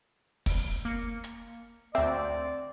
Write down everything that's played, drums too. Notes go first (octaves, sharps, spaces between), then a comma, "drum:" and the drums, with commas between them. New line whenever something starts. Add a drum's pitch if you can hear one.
drum: kick, open hi-hat
A#3 C#7
drum: hi-hat
D2 C4 D5 E5